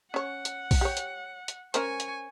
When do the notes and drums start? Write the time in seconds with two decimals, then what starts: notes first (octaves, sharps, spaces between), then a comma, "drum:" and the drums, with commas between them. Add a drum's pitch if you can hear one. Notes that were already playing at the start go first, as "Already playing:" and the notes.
0.14 C#4 C#5 F#5
0.45 drum: hi-hat
0.71 drum: kick A#1, open hi-hat
0.81 G4 C#5
0.97 drum: hi-hat
1.48 drum: hi-hat
1.74 C#4 A#4 C5 G#5 C#6, drum: hi-hat
2.00 drum: hi-hat